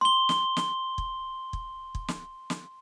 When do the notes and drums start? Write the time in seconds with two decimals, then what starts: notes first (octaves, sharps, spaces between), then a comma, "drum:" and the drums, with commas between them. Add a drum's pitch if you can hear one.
0.01 C6 G7
0.29 drum: snare
0.57 drum: snare
0.98 drum: kick
1.53 drum: kick
1.95 drum: kick
2.08 drum: snare
2.50 drum: snare